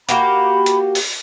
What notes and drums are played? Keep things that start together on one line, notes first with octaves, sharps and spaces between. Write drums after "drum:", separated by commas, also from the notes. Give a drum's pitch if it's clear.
A#3 F#4 G4 B5, drum: hi-hat
drum: hi-hat
drum: open hi-hat